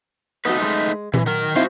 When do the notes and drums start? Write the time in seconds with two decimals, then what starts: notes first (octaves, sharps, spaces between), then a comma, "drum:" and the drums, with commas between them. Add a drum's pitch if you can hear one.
0.45 A3 B3 D#4 F#4 B4
0.62 G#3
1.14 E3, drum: tom A#2
1.26 D#3 F#3 A#4
1.56 C4 D#4 E4 F#4 C5 F5